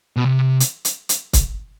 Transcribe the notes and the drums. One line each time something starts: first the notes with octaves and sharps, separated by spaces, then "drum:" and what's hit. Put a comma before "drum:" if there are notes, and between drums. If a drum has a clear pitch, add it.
B2
C3
drum: hi-hat
drum: hi-hat
drum: hi-hat
drum: kick, hi-hat